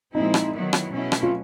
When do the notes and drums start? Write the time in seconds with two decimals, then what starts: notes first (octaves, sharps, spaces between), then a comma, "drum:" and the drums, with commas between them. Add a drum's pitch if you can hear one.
0.14 A#2 F3 G#3 C4 D#4 E4
0.34 drum: rim click
0.53 D#3 F#3 B3 E4
0.73 drum: rim click
0.92 B2 F#3 A3 C#4 E4
1.12 drum: rim click
1.23 F4